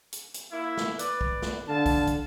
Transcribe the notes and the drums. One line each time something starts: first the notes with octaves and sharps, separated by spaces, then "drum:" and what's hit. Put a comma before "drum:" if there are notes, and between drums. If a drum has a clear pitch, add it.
drum: hi-hat
drum: hi-hat
A#3 E4
drum: snare
B4 D5, drum: hi-hat
drum: kick
drum: snare
D3 F5 A5
drum: kick, open hi-hat
drum: kick, hi-hat